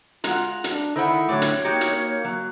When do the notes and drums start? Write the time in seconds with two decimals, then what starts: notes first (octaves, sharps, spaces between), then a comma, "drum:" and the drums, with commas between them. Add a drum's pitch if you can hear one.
0.24 G#3 F4 F#5 A#5, drum: hi-hat
0.64 D4, drum: hi-hat
0.96 D#3 E4 A4 C5 F#5
1.29 A2 D3 F#3 A3 C#5 D6
1.42 drum: hi-hat
1.64 A#3 D#4 F#4 G4 C#7
1.81 drum: hi-hat
2.25 F#3